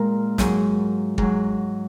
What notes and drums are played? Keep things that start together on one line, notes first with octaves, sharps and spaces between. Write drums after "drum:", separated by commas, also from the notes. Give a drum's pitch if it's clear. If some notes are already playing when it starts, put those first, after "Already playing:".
Already playing: A#2 G#3 A#4
G#2 F#3, drum: snare
G#2 F#3, drum: kick